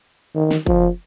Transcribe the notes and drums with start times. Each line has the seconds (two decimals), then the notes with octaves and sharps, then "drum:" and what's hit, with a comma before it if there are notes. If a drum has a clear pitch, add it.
0.35 D#3
0.51 drum: snare
0.66 F3, drum: kick